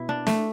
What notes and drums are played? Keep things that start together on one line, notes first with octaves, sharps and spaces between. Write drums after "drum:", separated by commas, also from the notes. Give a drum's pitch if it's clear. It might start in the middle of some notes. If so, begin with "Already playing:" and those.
Already playing: B2 E4
D4
A3, drum: snare